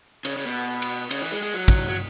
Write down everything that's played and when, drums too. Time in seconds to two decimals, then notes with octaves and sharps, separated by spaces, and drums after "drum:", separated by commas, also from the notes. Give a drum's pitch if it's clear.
0.25 C#3, drum: cymbal
0.37 C#3
0.46 B2
0.82 drum: cymbal
1.11 C#3, drum: cymbal
1.22 E3
1.32 G#3
1.43 G#3
1.54 F#3
1.68 drum: kick, cymbal
1.89 F#3